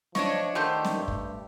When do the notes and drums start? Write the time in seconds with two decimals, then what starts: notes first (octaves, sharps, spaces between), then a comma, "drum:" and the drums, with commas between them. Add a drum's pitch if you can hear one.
0.15 F3 D4 C#5 D#5 C#6, drum: snare
0.55 D3 D#3 A3 G4 C5
0.85 drum: snare
0.96 G2
1.08 drum: kick